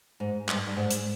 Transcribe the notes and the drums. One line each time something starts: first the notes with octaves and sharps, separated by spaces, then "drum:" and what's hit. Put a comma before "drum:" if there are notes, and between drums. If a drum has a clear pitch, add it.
G#2
G2, drum: clap
G2
G#2
drum: hi-hat